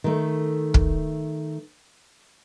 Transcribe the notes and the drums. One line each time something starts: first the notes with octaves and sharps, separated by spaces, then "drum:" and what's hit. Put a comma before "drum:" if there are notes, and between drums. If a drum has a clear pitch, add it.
D#3 A3
drum: kick